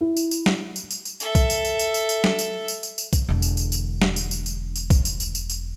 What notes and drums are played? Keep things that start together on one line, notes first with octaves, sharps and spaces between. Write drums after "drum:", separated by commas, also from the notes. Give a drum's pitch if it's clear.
E4
drum: tambourine
drum: tambourine
drum: snare
drum: tambourine
drum: tambourine
drum: tambourine
A4 E5, drum: tambourine
drum: kick B1, tambourine
drum: tambourine
drum: tambourine
drum: tambourine
drum: tambourine
drum: tambourine
drum: snare
drum: tambourine
drum: tambourine
drum: tambourine
drum: tambourine
drum: kick B1, tambourine
E1 D3
drum: tambourine
drum: tambourine
drum: tambourine
drum: snare
drum: tambourine
drum: tambourine
drum: tambourine
drum: tambourine
drum: kick B1, tambourine
drum: tambourine
drum: tambourine
drum: tambourine
drum: tambourine